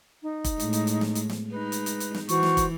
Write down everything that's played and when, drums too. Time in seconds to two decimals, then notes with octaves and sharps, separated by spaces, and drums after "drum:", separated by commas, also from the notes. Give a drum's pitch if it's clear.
0.21 D#4
0.44 drum: kick, hi-hat
0.60 A2 G#3, drum: hi-hat
0.73 drum: hi-hat
0.87 drum: hi-hat
1.01 drum: snare
1.15 drum: hi-hat
1.29 drum: snare
1.50 G#3 D#4 B4
1.72 drum: hi-hat
1.86 drum: hi-hat
2.00 drum: hi-hat
2.14 drum: snare
2.29 E3 F#4 C5 C#6, drum: hi-hat
2.43 drum: snare
2.57 drum: kick, hi-hat